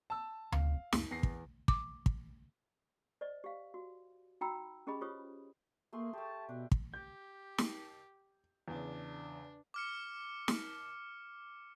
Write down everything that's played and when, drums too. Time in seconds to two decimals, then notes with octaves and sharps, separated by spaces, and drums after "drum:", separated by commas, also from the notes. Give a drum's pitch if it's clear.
0.10 A5 E6
0.52 D#1 C4 F5, drum: tom D2
0.93 C#2 F#2, drum: snare
1.11 E2 B3 A#6 C7
1.23 drum: kick
1.68 D6, drum: kick
2.06 drum: kick
3.21 C5 D5 D#5
3.44 G4 F5
3.74 F#4
4.41 D#4 F#4 G5 A#5 B5 E6
4.87 C#4 G4 G#4 D#5 B5
5.01 F4 G4 C5 C#5 D#6
5.93 A3 A#3 G#4 C6
6.13 A3 G4 A5
6.49 B2 D4
6.72 drum: kick
6.94 G4 G6
7.58 drum: snare
8.68 E2 C#3 D4
9.74 D6 F6 C#7
10.48 drum: snare